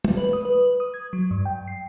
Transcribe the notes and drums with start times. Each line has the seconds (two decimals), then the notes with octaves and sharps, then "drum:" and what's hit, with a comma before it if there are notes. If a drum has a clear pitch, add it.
0.04 drum: tom
0.17 B4
0.33 D#6
0.45 B4
0.80 D#6
0.94 G#6
1.13 F#3
1.31 G2
1.45 G5
1.68 C7